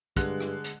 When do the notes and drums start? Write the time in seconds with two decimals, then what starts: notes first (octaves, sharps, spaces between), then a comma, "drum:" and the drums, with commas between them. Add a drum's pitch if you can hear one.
0.16 G2 D3 G#3 F#6, drum: kick, hi-hat
0.40 drum: rim click
0.64 drum: hi-hat